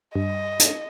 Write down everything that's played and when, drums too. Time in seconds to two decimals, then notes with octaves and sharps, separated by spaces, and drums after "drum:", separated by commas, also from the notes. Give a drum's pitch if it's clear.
0.15 G2 D#5
0.59 drum: hi-hat